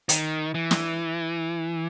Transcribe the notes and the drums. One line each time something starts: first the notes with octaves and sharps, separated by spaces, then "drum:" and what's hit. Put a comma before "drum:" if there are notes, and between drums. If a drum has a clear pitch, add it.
D#3, drum: hi-hat
E3
drum: snare